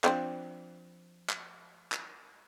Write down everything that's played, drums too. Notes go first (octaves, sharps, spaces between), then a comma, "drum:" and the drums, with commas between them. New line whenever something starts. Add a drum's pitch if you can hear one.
F3 C4 D4, drum: clap
drum: clap
drum: clap